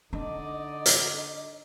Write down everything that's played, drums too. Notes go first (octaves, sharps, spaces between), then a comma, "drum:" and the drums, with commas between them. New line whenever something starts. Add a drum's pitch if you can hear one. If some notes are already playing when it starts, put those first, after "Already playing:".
D3 D4 D#4 D5 D#5
drum: hi-hat